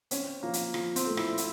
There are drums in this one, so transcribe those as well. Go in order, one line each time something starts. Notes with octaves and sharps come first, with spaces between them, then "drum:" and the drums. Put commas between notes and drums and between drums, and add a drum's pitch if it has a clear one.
C4 C#4, drum: hi-hat
F3 A#3
drum: hi-hat
F3, drum: rim click
C4, drum: hi-hat
A3
E4, drum: rim click
F4, drum: hi-hat